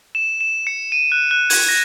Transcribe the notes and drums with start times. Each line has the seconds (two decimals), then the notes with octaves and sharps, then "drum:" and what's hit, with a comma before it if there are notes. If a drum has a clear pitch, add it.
0.15 E7
0.41 E7
0.67 C#7
0.92 D#7
1.12 F#6
1.31 F#6
1.50 G#6, drum: open hi-hat
1.69 A#6